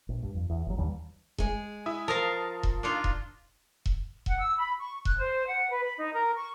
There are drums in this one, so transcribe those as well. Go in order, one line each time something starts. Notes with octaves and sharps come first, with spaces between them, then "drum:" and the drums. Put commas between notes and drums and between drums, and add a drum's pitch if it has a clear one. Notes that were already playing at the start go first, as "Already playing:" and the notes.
A#1
G2
F2
E2
G1 F#3
D#2 D#3 E3 G3
G#3 G#4, drum: kick E1
E4 E5 D#6
F3 A#4 F5 A5 D#6 A#6
drum: kick E1
D4 D#4 F4
drum: kick E1
drum: kick E1
F#5, drum: kick E1
E6
B5
C#6
F#6, drum: kick E1
C5
F#5
B4
B5
D#4
A#4
C#6